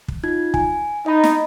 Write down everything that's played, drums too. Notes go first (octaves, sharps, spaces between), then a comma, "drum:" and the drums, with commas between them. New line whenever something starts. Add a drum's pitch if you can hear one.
drum: kick
D#4 F4 G#6
G#5, drum: kick
D#4 D#5 B5
drum: snare